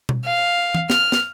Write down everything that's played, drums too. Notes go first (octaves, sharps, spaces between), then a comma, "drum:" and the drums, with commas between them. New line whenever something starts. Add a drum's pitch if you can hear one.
drum: tom B2
F5
drum: tom E3
F6, drum: snare
drum: snare